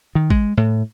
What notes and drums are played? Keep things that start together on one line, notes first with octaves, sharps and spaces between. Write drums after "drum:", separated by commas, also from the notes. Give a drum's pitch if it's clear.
D#3
G#3, drum: kick
A2